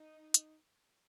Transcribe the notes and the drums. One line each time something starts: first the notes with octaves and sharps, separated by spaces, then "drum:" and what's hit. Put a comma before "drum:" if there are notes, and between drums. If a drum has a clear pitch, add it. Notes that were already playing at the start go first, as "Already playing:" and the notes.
Already playing: D#4
drum: hi-hat